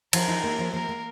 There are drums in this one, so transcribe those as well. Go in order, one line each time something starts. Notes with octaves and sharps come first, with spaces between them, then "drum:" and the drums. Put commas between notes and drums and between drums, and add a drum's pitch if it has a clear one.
F3 A#4, drum: cymbal
D#4
A#3
F3
A#3 A#4
A#3